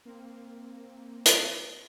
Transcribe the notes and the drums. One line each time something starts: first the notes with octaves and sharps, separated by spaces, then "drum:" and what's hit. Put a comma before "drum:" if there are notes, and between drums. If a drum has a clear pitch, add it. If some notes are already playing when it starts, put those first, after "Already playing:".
A#3 C4
drum: hi-hat